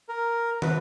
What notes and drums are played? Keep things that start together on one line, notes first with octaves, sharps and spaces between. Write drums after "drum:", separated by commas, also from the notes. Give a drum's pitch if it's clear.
A#4
B4, drum: tom